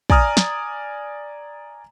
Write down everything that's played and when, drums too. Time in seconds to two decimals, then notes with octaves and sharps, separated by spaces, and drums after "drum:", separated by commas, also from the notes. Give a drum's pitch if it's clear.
0.10 D5 G#5 A#5 D#6 F6, drum: kick
0.37 drum: snare